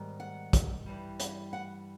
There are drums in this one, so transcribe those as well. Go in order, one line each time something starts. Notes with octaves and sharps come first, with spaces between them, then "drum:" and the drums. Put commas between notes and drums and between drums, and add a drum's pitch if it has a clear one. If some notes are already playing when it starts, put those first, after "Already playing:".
Already playing: G#2 D#3 G3 B3
F#5
drum: kick, hi-hat
G2 E3 G3
drum: hi-hat
F#5